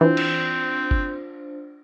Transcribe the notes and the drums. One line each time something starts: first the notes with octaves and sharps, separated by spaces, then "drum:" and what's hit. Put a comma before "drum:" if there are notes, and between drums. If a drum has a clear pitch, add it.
E3 C4 D4 F4 C5
drum: cymbal
drum: kick G1